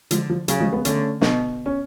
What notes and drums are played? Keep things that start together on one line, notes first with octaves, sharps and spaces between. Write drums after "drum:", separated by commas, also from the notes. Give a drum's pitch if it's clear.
D3 F3 G#3, drum: hi-hat
F3
C#3 F#3, drum: hi-hat
F3 G#3
G#3 B3
D3 A3 C#4, drum: hi-hat
B2, drum: snare
C#4